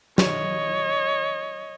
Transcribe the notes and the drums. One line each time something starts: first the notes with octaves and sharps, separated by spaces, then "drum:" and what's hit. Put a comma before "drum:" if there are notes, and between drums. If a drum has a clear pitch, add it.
C#5 D#5, drum: snare